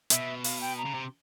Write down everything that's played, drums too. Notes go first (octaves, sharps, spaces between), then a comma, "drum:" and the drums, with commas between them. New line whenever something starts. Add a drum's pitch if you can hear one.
B2 E5, drum: hi-hat
F5, drum: open hi-hat
G5
A#5
C#3
C3